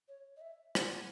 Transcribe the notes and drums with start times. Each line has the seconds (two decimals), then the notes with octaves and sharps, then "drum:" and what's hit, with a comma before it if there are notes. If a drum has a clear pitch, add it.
0.08 C#5
0.37 D#5
0.41 E5
0.75 F#5, drum: rim click